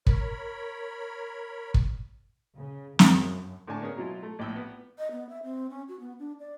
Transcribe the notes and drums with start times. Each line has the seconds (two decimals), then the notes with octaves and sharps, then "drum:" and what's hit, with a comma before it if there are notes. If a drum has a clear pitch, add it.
0.07 A#4 C#5 B5, drum: kick
1.74 drum: kick
2.56 C#3
2.99 F#2, drum: snare
3.67 A2 D3 D5 G#5 A5 C#6
3.81 A#3 B3 C#4 G#4 A#4
3.96 B2 F#3 E4 F4
4.23 A3
4.39 A#1 A2 G5 E6
4.56 B3
4.98 D#5
5.11 B3
5.29 E5
5.44 C4
5.70 C#4
5.89 F#4
6.00 B3
6.19 D4
6.40 D5